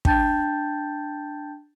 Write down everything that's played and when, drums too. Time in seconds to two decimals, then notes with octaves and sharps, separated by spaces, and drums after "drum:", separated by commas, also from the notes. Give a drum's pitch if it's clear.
0.05 D4 G5 A5 G6 A6, drum: kick